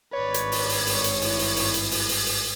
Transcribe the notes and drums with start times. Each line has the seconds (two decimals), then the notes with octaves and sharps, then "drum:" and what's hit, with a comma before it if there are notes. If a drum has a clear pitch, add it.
0.13 G#1 G2 B4 C#5 D5
0.34 drum: hi-hat
0.52 drum: open hi-hat
0.69 drum: open hi-hat
0.87 drum: open hi-hat
1.04 drum: hi-hat
1.21 E4, drum: open hi-hat
1.39 drum: open hi-hat
1.56 drum: open hi-hat
1.74 drum: hi-hat
1.91 drum: open hi-hat
2.09 drum: open hi-hat
2.26 drum: open hi-hat